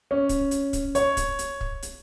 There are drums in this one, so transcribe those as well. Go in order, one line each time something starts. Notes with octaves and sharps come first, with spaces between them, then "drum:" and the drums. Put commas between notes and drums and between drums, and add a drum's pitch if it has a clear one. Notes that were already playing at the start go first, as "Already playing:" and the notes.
C#4
drum: kick, hi-hat
drum: hi-hat
drum: kick, hi-hat
C#5, drum: hi-hat
drum: kick, hi-hat
drum: hi-hat
drum: kick
drum: hi-hat